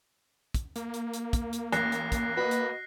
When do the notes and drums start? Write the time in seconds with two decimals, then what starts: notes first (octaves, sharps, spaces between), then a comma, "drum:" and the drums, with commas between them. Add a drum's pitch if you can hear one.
0.54 drum: kick, hi-hat
0.76 A#3, drum: hi-hat
0.94 drum: hi-hat
1.13 drum: hi-hat
1.33 drum: kick, hi-hat
1.53 drum: hi-hat
1.73 A1 F#6 A#6 C7, drum: hi-hat
1.92 drum: hi-hat
2.12 drum: kick, hi-hat
2.37 F#4 B4 D#5
2.51 drum: hi-hat